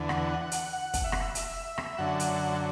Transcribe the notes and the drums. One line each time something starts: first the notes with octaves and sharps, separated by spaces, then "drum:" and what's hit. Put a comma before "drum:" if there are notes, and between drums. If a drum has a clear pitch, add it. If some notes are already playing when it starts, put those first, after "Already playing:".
Already playing: E2 D3
F#5, drum: rim click
F#5
drum: hi-hat
F#5
drum: kick, hi-hat
E5
F#5, drum: rim click
E5
E5, drum: hi-hat
drum: rim click
F#2 D3 F#5
drum: hi-hat